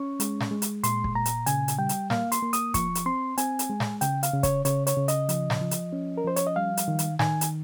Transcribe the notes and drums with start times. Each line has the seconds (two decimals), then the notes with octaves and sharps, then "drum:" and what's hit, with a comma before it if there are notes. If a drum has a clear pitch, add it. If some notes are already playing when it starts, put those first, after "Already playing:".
Already playing: C#4 C#6
0.20 G#3, drum: hi-hat
0.41 drum: snare
0.51 G#3
0.62 drum: hi-hat
0.84 A#2 C6, drum: hi-hat
1.04 drum: kick
1.15 A#2 A#5
1.25 drum: hi-hat
1.46 C#3 G#5, drum: hi-hat
1.68 drum: hi-hat
1.78 G3 G5
1.89 drum: hi-hat
2.10 A#3 F5, drum: snare
2.32 C6, drum: hi-hat
2.42 A#3
2.53 D#6, drum: hi-hat
2.74 F3 C#6, drum: kick, hi-hat
2.95 drum: hi-hat
3.06 C4 C6
3.38 C4 G#5, drum: hi-hat
3.59 drum: hi-hat
3.70 G#3
3.80 drum: snare
4.01 C#3 G5, drum: hi-hat
4.23 F5, drum: hi-hat
4.33 C#3
4.43 C#5, drum: kick, hi-hat
4.65 C#3 C#5, drum: hi-hat
4.87 C#5, drum: hi-hat
4.97 C#3
5.08 D#5, drum: hi-hat
5.29 F3, drum: hi-hat
5.50 drum: snare
5.61 F3
5.71 drum: hi-hat
5.93 C#4
6.18 A#4
6.24 F3 C5
6.36 C#5, drum: hi-hat
6.47 D#5
6.56 G3 F5
6.77 drum: hi-hat
6.88 D#3
6.99 drum: hi-hat
7.19 D#3 G#5, drum: snare
7.41 drum: hi-hat